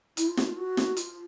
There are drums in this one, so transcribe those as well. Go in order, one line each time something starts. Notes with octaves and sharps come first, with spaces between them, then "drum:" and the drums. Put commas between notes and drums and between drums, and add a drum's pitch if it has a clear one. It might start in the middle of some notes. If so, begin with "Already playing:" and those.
E4, drum: hi-hat
F4
F#4, drum: snare
F4
F#4
drum: snare
F4, drum: hi-hat